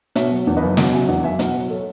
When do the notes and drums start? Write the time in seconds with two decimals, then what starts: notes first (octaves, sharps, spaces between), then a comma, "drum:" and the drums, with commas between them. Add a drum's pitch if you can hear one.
0.15 B2 C#5 E5, drum: hi-hat
0.31 F#3
0.47 E2
0.57 B4 D#5
0.62 F#1
0.77 B2 D#5 F#5, drum: snare
0.93 F#3 E5 G#5
1.08 E2 D#5 F#5
1.24 F#1 E5 G#5
1.39 B2 D#5 F#5, drum: hi-hat
1.55 F#3
1.70 A4 C#5